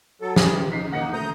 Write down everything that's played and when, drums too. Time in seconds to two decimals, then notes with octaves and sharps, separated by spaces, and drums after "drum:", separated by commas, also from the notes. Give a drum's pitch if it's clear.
0.21 F#3 A4
0.36 G3 F4 G#4 A4, drum: snare
0.52 E3 G4
0.72 D#4 B6 C7
0.92 A#3 D#4 F#5 A#6 C#7
1.13 A3 A#5 D#6 G6